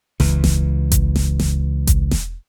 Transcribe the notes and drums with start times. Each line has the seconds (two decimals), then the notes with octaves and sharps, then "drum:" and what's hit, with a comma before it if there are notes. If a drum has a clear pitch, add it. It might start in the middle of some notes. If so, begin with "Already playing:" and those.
0.20 C#2 E3, drum: snare E1
0.44 drum: snare E1
0.92 drum: kick G#1, hi-hat
1.15 drum: snare E1
1.39 drum: snare E1
1.87 drum: kick G#1, hi-hat
2.11 drum: snare E1